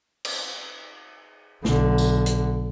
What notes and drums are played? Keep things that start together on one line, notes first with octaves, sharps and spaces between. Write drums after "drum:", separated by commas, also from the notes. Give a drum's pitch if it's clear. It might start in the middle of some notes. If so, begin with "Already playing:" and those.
drum: cymbal
B1 D3, drum: snare
drum: tambourine
drum: hi-hat